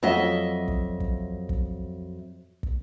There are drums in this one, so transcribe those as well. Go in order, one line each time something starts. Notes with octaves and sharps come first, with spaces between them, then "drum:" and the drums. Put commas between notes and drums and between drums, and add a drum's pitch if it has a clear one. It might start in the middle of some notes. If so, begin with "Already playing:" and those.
F2 F#3 D#5 E5
drum: kick
drum: kick
drum: kick
drum: kick